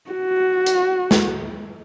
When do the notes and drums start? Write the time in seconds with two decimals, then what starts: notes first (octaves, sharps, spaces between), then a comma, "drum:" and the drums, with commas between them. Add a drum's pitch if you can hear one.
0.11 F#4
0.66 drum: hi-hat
1.11 drum: snare